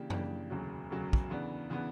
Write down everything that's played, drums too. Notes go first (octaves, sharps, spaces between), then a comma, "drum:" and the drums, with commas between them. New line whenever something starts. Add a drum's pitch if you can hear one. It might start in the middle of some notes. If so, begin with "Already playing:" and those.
Already playing: C#3 E3 A#3 D4 G4
C#3 E3 A#3 D4 G4, drum: tom F#2
E1 D2 C#3 F#3
E1 D2 C#3 F#3
drum: kick
C#3 E3 B3 D4
C#3 E3 B3 D4